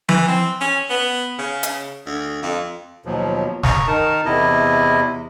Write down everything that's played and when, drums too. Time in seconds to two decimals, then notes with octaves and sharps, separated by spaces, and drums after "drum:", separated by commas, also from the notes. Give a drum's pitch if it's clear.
0.09 E3, drum: tom F3
0.28 C4
0.61 C#4
0.90 B3
1.39 C#3
1.63 drum: hi-hat
2.06 D2
2.43 F2
3.05 D#2 B2 F3 F#3
3.63 A#5 C#6 D#6, drum: snare
3.87 D#3 D#4 A#4 A5
4.25 E2 C3 E4 D#5